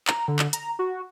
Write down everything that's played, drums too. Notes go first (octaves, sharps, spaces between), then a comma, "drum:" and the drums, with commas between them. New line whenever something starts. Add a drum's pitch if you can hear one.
A#5, drum: clap
D3
drum: clap
A#5, drum: hi-hat
F#4